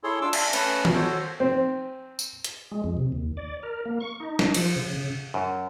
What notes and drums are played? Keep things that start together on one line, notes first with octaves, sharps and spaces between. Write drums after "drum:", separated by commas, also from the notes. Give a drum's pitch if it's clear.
E4 G#4 A4 C#5 C6
D4 F4 D6 E6
D5 E5 F5 G#5 A5, drum: cymbal
A3 C#4 B4 A5, drum: cymbal
drum: tom D#3
F#4 A4 C5 C#5
C4
drum: tambourine
drum: hi-hat
G#3
F2
C3
D#2
D5
A#4
A#3
C#6
D#4
drum: snare
F3, drum: cymbal
C#3
C#3
F#2